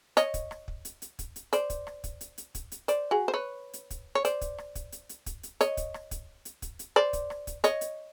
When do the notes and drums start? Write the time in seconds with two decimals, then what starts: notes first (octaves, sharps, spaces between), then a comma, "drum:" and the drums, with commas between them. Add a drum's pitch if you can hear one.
0.17 C#5 D#5, drum: hi-hat
0.34 drum: kick, hi-hat
0.51 drum: rim click
0.68 drum: kick
0.85 drum: hi-hat
1.02 drum: hi-hat
1.19 drum: kick, hi-hat
1.36 drum: hi-hat
1.53 C5 D5, drum: hi-hat
1.70 drum: kick, hi-hat
1.87 drum: rim click
2.04 drum: kick, hi-hat
2.21 drum: hi-hat
2.38 drum: hi-hat
2.55 drum: kick, hi-hat
2.72 drum: hi-hat
2.88 C5 D5, drum: hi-hat
3.11 F#4 G#4
3.28 C5
3.34 B4 C#5
3.73 drum: hi-hat
3.90 drum: kick, hi-hat
4.15 C#5
4.25 C5 D5, drum: hi-hat
4.41 drum: kick, hi-hat
4.58 drum: rim click
4.75 drum: kick, hi-hat
4.92 drum: hi-hat
5.09 drum: hi-hat
5.26 drum: kick, hi-hat
5.43 drum: hi-hat
5.61 C#5 D#5, drum: hi-hat
5.77 drum: kick, hi-hat
5.94 drum: rim click
6.11 drum: kick, hi-hat
6.45 drum: hi-hat
6.62 drum: kick, hi-hat
6.79 drum: hi-hat
6.96 C5 D5
7.13 drum: kick, hi-hat
7.30 drum: rim click
7.47 drum: kick, hi-hat
7.64 C#5 D#5, drum: hi-hat
7.81 drum: hi-hat